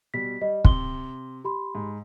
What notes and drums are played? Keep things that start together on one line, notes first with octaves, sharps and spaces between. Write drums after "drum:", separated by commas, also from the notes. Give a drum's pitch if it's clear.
B2 G3 B6
G3 D#5
C3 C6 G7, drum: kick
G4 B5 C6
G#2